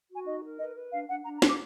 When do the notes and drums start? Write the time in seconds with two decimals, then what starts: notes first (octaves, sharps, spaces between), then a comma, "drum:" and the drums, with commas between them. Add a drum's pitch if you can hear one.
0.10 F#4 G#5
0.25 D#4 D#5
0.43 A#4
0.59 B4 D#5
0.75 B4
0.91 D4 F5
1.08 D4 F#5
1.24 D4 A#5
1.36 A#5
1.42 D4 D6, drum: snare